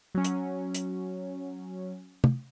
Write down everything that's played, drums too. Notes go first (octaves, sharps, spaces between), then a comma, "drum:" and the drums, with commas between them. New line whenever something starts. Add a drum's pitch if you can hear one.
F#3 C#4
drum: hi-hat
drum: hi-hat
drum: tom